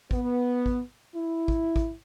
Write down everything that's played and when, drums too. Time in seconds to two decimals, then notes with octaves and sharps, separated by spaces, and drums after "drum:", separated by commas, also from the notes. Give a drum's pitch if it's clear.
0.11 B3, drum: kick A1
0.66 drum: kick A1
1.15 E4
1.48 drum: kick A1
1.76 drum: kick A1